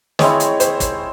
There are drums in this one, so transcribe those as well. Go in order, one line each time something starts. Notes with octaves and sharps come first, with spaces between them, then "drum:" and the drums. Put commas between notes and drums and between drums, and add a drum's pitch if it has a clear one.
G#3 C4 E4 C#5, drum: snare
drum: hi-hat
C5, drum: hi-hat
drum: kick, hi-hat